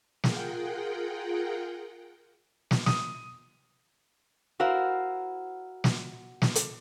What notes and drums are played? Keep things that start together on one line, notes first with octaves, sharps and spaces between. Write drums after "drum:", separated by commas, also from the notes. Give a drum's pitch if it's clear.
F4 G#4 A#4 F#5 G5, drum: snare
drum: snare
D#6, drum: snare
E4 F#4 A#4 C5 F5
drum: snare
drum: snare
drum: hi-hat